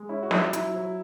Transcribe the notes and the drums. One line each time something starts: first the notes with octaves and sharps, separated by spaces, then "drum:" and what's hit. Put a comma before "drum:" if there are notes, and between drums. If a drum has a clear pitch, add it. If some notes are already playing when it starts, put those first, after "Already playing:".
Already playing: G#3
C#4 E4
F#4
F#3 E4, drum: snare
F#3 E4, drum: hi-hat
F#3